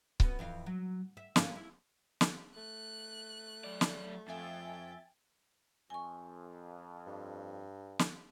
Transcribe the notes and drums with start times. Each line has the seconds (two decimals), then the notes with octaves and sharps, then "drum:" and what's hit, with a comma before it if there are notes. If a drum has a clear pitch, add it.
0.20 B3 C#4 F#4, drum: kick C#1
0.39 F2 E3 F5
0.66 F#3
1.17 E5
1.36 A#3 C#4 F5, drum: snare
1.56 E4
2.21 drum: snare
2.56 A3 F#6
3.64 F#3 D5
3.81 drum: snare
4.28 F2 E5 G5 G#5 A6
5.90 F2 G#5 C#6
7.07 G2
7.99 drum: snare